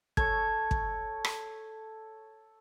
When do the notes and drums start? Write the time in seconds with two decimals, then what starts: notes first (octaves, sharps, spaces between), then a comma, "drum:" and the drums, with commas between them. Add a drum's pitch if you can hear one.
0.17 A4 C#5 G#6, drum: kick
0.71 drum: kick
1.25 drum: rim click